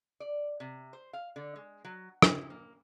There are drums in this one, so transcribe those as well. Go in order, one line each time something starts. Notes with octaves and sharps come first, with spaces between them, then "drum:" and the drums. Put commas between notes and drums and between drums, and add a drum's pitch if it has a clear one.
D5
C3
C5
F5
D3
G#3
F#3
E4, drum: rim click
A#3